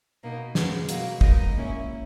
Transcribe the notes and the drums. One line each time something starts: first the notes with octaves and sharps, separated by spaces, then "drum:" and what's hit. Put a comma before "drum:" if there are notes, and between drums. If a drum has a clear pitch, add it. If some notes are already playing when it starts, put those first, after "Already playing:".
B2 A#3 D#4
F#2 C#3 G#3 B3, drum: snare
B2 F#3 A#3, drum: hi-hat
G#3 B3 D#4 A#4 D#5, drum: kick
A#2 A#3 C#4 E4